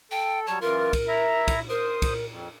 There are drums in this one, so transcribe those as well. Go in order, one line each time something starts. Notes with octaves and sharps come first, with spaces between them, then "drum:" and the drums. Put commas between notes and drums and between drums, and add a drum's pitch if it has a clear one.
A4 G5
F#3 G3 C#5 A5
F#2 E3 F4 A#4
drum: kick, cymbal
E4 E5 A#5
drum: kick, cymbal
A#4 C5 D#6
drum: kick, cymbal
F2